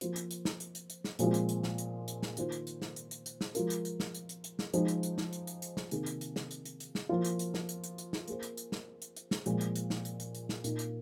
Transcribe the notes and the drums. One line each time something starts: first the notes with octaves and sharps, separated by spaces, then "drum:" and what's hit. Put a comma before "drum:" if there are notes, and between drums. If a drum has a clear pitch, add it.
F3 A#3 F4 C5, drum: hi-hat
drum: hi-hat
drum: hi-hat
drum: snare
drum: hi-hat
drum: hi-hat
drum: hi-hat
drum: snare
A#2 F3 G#3 C4 F4, drum: hi-hat
drum: hi-hat
drum: hi-hat
drum: snare
drum: hi-hat
drum: hi-hat
drum: snare
D#3 A#3 F4 C5, drum: hi-hat
drum: hi-hat
drum: hi-hat
drum: snare
drum: hi-hat
drum: hi-hat
drum: hi-hat
drum: snare
F3 G#3 F4 A#4, drum: hi-hat
drum: hi-hat
drum: hi-hat
drum: snare
drum: hi-hat
drum: hi-hat
drum: hi-hat
drum: snare
F3 G#3 D#4 C5, drum: hi-hat
drum: hi-hat
drum: hi-hat
drum: snare
drum: hi-hat
drum: hi-hat
drum: hi-hat
drum: snare
C3 D#3 A#3 G#4, drum: hi-hat
drum: hi-hat
drum: hi-hat
drum: snare
drum: hi-hat
drum: hi-hat
drum: hi-hat
drum: snare
F3 A#3 F4
drum: hi-hat
drum: hi-hat
drum: snare
drum: hi-hat
drum: hi-hat
drum: hi-hat
drum: snare
A#3 G#4 C5, drum: hi-hat
drum: hi-hat
drum: hi-hat
drum: snare
drum: hi-hat
drum: hi-hat
drum: snare
A#2 F3 G#3, drum: hi-hat
drum: hi-hat
drum: hi-hat
drum: snare
drum: hi-hat
drum: hi-hat
drum: hi-hat
drum: snare
A#2 A#3 D#4, drum: hi-hat
drum: hi-hat